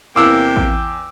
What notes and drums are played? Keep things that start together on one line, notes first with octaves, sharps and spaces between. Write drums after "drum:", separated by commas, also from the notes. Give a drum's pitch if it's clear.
E2 C3 A#3 G5 D6 E6
drum: kick